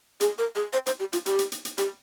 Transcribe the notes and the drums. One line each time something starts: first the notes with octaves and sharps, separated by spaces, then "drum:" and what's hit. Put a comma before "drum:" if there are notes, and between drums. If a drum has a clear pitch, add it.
G#4, drum: hi-hat
A#4
G#4
C5
C5, drum: hi-hat
G4
F4, drum: hi-hat
G4, drum: hi-hat
drum: hi-hat
drum: hi-hat
drum: hi-hat
G4, drum: hi-hat